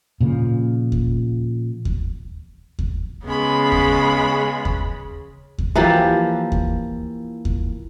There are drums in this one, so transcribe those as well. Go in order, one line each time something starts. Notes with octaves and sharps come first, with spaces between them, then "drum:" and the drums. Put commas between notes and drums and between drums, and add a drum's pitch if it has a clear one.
A#2 C#3 F3
drum: kick D#2
drum: kick D#2
drum: kick D#2
C#3 G#3 B3 C#4 B5
drum: kick D#2
drum: kick D#2
drum: kick D#2
E3 F3 A#3 G4
drum: kick D#2
drum: kick D#2